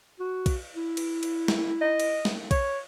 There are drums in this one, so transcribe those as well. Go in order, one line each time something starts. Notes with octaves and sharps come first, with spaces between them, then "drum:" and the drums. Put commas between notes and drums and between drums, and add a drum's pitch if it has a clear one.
F#4
drum: kick, cymbal
E4
drum: cymbal
drum: cymbal
drum: snare
D#5
drum: cymbal
drum: snare
C#5, drum: kick, cymbal